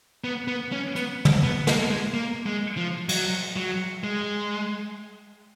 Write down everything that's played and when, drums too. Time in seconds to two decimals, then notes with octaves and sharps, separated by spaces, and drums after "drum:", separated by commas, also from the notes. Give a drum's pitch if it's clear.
0.24 B3
0.48 B3
0.72 C#4
0.96 B3, drum: hi-hat
1.25 drum: tom
1.43 B3
1.67 A#3, drum: snare
1.91 G#3
2.14 A#3
2.46 G#3
2.77 F3
3.09 F#3, drum: cymbal
3.56 F#3
4.04 G#3